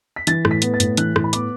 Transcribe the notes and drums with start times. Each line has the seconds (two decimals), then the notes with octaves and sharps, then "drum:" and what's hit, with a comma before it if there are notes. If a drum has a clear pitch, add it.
0.16 B6
0.27 E3 A6, drum: hi-hat
0.45 A2, drum: rim click
0.51 B6
0.62 B3, drum: hi-hat
0.74 A6
0.80 A2, drum: hi-hat
0.97 E3 F#6, drum: hi-hat
1.16 A2, drum: rim click
1.24 B5
1.33 B3 D6, drum: hi-hat